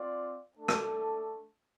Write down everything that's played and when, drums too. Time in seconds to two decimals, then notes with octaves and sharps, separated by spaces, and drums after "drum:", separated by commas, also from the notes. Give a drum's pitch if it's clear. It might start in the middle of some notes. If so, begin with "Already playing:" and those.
Already playing: C4 F4 D5
0.57 A3 D4 A4
0.68 drum: rim click